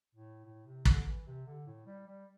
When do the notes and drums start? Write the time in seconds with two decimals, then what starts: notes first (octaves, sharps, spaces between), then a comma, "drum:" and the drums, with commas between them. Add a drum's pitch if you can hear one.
0.15 A2
0.45 A2
0.66 C3
0.85 D3, drum: kick
1.06 E3
1.27 C3
1.46 D3
1.67 A2
1.86 G3
2.07 G3